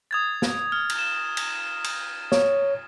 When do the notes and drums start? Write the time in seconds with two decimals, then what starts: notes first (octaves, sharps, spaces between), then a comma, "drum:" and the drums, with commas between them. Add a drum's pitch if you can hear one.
0.11 D#6 G#6 A6
0.42 drum: snare
0.72 F6
0.89 drum: cymbal
0.99 E7
1.37 drum: cymbal
1.84 drum: cymbal
2.32 C#5, drum: snare